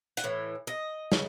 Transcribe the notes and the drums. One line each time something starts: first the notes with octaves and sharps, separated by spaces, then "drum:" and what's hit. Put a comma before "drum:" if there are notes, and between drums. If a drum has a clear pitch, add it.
F#5, drum: hi-hat
A2 E3
D#5
C#3, drum: snare